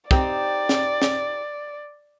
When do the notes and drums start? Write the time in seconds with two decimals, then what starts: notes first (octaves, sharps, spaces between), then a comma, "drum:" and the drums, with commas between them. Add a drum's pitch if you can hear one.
0.11 C4 D#4 G4 D5, drum: kick
0.69 drum: snare
1.02 drum: snare